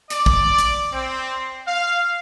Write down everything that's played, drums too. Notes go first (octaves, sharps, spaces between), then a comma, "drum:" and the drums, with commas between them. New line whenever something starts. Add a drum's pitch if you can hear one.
D5, drum: hi-hat
drum: kick
drum: hi-hat
C4
F5